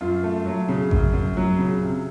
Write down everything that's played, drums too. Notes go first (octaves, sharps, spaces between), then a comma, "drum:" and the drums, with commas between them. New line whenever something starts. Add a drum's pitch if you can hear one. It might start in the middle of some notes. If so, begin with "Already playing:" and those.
F#2 F4
A3
F#3
C#3
F#2, drum: kick A1
F#2
F#3
C#3
C3